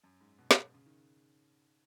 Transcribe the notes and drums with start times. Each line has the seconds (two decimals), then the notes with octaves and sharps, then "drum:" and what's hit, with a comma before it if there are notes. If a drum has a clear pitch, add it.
0.04 F#2
0.21 G#2
0.39 B2
0.51 drum: snare
0.74 C#3
0.86 D#3